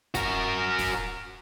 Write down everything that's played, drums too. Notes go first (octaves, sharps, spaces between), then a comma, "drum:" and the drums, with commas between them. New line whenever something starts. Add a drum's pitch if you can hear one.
F#4 A#4, drum: kick, hi-hat
drum: kick, open hi-hat